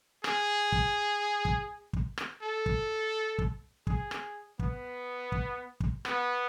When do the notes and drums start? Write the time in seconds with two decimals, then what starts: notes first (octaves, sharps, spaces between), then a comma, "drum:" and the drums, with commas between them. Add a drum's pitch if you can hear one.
0.24 G#4, drum: rim click
0.72 drum: kick
1.45 drum: kick
1.93 drum: kick
2.18 drum: rim click
2.42 A4
2.66 drum: kick
3.38 drum: kick
3.87 G#4, drum: kick
4.11 drum: rim click
4.59 B3, drum: kick
5.32 drum: kick
5.80 drum: kick
6.05 B3, drum: rim click